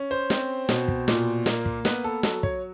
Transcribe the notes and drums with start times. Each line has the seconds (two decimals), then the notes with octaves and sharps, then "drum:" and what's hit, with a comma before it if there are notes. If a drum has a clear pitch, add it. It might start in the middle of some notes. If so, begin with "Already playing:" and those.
Already playing: C#4
0.11 C5
0.30 C4, drum: snare
0.69 B2, drum: snare
0.88 drum: kick
1.08 A#2, drum: snare
1.46 A#3, drum: snare
1.66 drum: kick
1.85 B3 B4, drum: snare
2.04 A4
2.23 F#3 A4, drum: snare
2.43 C#5, drum: kick